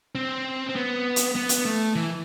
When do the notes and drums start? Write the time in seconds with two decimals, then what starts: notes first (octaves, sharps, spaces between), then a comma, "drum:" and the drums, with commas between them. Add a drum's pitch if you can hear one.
0.15 C4
0.69 C4
0.76 B3
1.16 drum: hi-hat
1.36 B3
1.49 drum: hi-hat
1.65 A3
1.95 E3